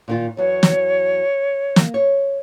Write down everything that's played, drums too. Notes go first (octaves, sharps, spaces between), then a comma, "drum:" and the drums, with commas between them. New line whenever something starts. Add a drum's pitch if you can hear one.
A#2 D#3 F4
E2 F#3 C#5
drum: snare
A#3, drum: snare
C#5